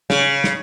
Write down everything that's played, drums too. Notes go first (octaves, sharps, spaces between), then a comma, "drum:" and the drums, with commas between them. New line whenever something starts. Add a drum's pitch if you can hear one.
C#3, drum: snare
drum: snare